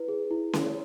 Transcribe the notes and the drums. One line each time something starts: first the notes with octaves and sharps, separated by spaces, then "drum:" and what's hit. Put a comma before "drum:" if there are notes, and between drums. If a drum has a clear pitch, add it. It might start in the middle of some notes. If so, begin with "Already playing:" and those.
Already playing: E4 B4
G#4
E4
E4, drum: snare C#4